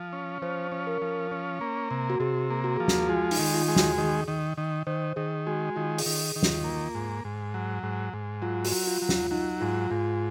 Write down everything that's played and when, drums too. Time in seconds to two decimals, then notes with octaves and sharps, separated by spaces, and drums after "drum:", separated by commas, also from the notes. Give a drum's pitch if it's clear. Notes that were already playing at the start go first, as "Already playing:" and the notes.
Already playing: F3
0.13 C#4
0.42 F3 C5
0.72 C#4
0.87 A#4
1.02 F3
1.31 C#4
1.61 A#3
1.91 C3
2.10 F#4
2.20 C3 G#4
2.50 A#3
2.64 F#4
2.76 F3 G#4
2.88 F#4, drum: snare
3.09 G#3 F4
3.31 D#4, drum: open hi-hat
3.39 D#3
3.54 F4
3.68 G#3
3.76 F#4, drum: snare
3.98 D#3 G#4
4.28 D#3
4.57 D#3
4.87 D#3 C5
5.16 D#3 G#4
5.47 G#3 F#4
5.76 D#3 F4
5.98 G#4, drum: open hi-hat
6.06 D#3
6.20 G#4
6.36 D#3
6.43 F4, drum: snare
6.64 A#3
6.95 G#2
7.25 G#2
7.54 F#3
7.83 G#2
8.13 G#2
8.42 F#3 F4
8.65 F#4, drum: open hi-hat
8.72 F#3
8.87 F4
9.02 F#3
9.09 F4, drum: snare
9.31 F#3 D#4
9.61 G#2 F4
9.90 G#2 F4